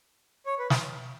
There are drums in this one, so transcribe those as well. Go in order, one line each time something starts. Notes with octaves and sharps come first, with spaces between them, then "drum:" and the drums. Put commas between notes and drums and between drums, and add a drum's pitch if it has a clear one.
C#5
B4
drum: snare